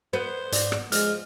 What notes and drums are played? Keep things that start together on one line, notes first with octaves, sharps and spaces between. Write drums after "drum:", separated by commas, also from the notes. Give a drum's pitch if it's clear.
B3 C5
G#2 D5, drum: hi-hat
drum: rim click
F3 G#3 F6, drum: hi-hat